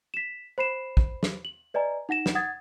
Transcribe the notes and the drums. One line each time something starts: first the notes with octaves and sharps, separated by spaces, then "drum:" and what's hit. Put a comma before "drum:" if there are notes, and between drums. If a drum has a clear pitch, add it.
B6 E7
C5 B5 C7 E7
drum: kick
drum: snare
F#7
B4 D5 D#5 G#5 A#5
D#4 F#5 A#6 E7
drum: snare
F#5 D#6 G#6 A6